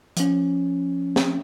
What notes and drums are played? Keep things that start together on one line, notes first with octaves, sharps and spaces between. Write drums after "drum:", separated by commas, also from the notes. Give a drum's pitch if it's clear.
F3 C#4, drum: hi-hat
drum: snare